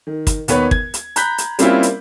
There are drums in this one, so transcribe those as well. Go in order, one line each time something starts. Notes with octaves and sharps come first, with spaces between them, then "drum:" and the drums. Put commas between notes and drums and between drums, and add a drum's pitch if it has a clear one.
D#3
drum: kick, hi-hat
D#2 B3 B4 C#5, drum: hi-hat
G#6, drum: kick
drum: hi-hat
A#5 B5 F#6 G6 B6, drum: hi-hat
drum: hi-hat
G3 A#3 C4 C#4 E4 F4, drum: hi-hat
drum: hi-hat